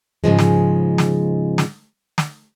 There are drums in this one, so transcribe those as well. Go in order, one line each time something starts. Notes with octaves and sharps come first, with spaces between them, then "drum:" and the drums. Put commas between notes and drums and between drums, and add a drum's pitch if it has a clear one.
G#2 C#3 F3 G#3
drum: snare
drum: snare
drum: snare
drum: snare